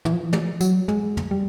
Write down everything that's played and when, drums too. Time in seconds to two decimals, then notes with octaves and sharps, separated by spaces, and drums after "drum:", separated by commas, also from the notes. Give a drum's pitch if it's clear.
0.05 E3, drum: tom
0.13 F3
0.23 E3
0.33 F3, drum: tom
0.61 F#3, drum: tambourine
0.88 G#3, drum: tom
1.17 drum: tom
1.31 G3